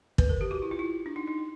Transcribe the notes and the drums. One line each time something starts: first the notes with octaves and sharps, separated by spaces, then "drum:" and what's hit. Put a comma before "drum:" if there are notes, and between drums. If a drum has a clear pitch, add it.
B4, drum: kick
A#4
G4
F#4
E4
F4
E4
D4
D#4
D#4
D#4